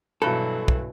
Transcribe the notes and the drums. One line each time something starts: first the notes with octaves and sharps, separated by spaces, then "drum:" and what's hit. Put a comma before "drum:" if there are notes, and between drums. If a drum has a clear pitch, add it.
G2 B2 E3 F#3 A4
drum: kick